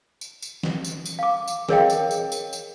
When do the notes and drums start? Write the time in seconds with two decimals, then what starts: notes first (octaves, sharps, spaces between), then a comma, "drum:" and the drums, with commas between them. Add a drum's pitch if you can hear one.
0.21 drum: tambourine
0.42 drum: tambourine
0.63 drum: snare
0.84 drum: tambourine
1.05 drum: tambourine
1.19 F5 D6
1.48 drum: tambourine
1.69 G#4 A#4 C#5 D#5 F5 G5, drum: snare
1.90 drum: tambourine
2.11 drum: tambourine
2.32 drum: tambourine
2.53 drum: tambourine